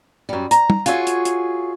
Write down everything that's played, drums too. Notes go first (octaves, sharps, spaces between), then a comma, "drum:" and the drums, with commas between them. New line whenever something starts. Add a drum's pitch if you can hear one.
F#2 G3
A#5, drum: hi-hat
drum: tom
F4 F#4 G#4 C#5 E5, drum: hi-hat
drum: hi-hat
drum: hi-hat